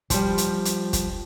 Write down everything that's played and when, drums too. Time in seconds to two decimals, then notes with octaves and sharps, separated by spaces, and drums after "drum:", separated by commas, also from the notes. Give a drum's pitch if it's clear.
0.10 F3 G3, drum: kick, hi-hat
0.38 drum: hi-hat
0.65 drum: hi-hat
0.93 drum: kick, hi-hat